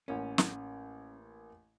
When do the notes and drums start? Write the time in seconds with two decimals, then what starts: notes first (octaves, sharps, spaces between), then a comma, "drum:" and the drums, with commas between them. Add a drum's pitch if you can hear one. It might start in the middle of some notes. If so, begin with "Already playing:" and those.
0.08 A1 A#3 C#4
0.38 drum: snare